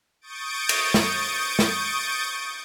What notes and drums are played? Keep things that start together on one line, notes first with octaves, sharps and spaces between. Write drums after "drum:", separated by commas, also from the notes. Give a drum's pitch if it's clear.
C#6 D#6 G6 A6 D7
drum: cymbal
drum: snare
drum: snare